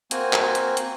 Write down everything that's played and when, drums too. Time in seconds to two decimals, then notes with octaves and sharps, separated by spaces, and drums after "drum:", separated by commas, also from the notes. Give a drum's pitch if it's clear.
0.11 A#3 C4 F#4 G#5, drum: hi-hat
0.33 drum: clap
0.55 drum: hi-hat
0.77 drum: hi-hat